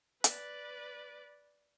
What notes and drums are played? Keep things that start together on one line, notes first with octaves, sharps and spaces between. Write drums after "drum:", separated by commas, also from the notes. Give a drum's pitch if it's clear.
B4 D5, drum: hi-hat